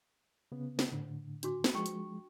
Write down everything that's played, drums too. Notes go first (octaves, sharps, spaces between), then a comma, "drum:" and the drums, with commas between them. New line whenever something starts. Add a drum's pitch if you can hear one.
C#3 B3
drum: snare
A2 D3
D4 F#4 D6, drum: hi-hat
drum: snare
F3 G#3 G5 C#6
drum: hi-hat